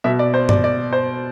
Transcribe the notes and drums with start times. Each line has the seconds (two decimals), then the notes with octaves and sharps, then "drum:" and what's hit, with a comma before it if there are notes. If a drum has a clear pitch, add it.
0.04 B2 E5
0.19 D5
0.34 C5
0.49 D5, drum: tom G2
0.64 D5
0.93 C5